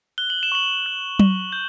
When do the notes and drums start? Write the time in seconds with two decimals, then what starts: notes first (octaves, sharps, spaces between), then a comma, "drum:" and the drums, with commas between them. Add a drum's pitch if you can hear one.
0.18 F#6 G7
0.30 F#7
0.43 E7
0.52 C#6 F#7
0.86 F#6
1.19 C#6, drum: tom F#3
1.52 G6